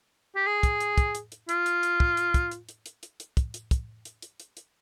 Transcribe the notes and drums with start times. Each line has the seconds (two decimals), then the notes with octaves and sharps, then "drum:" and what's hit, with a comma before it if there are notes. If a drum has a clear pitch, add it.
0.36 G4
0.47 G#4
0.63 drum: kick, hi-hat
0.80 drum: hi-hat
0.98 drum: kick, hi-hat
1.15 drum: hi-hat
1.32 drum: hi-hat
1.49 F4, drum: hi-hat
1.66 drum: hi-hat
1.83 drum: hi-hat
2.00 drum: kick
2.17 drum: hi-hat
2.34 drum: kick, hi-hat
2.51 drum: hi-hat
2.69 drum: hi-hat
2.86 drum: hi-hat
3.03 drum: hi-hat
3.20 drum: hi-hat
3.37 drum: kick, hi-hat
3.54 drum: hi-hat
3.71 drum: kick, hi-hat
4.05 drum: hi-hat
4.22 drum: hi-hat
4.40 drum: hi-hat
4.57 drum: hi-hat